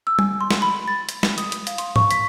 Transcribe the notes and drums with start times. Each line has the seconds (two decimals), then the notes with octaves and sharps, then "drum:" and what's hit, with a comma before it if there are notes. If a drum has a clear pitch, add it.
0.07 E6
0.19 G#5, drum: tom
0.41 C6
0.51 drum: snare
0.62 B5
0.88 A6
1.09 drum: hi-hat
1.23 drum: snare
1.38 D#6, drum: hi-hat
1.52 drum: hi-hat
1.67 F5, drum: hi-hat
1.78 C6, drum: hi-hat
1.96 C#6, drum: tom G#2
2.11 B6, drum: hi-hat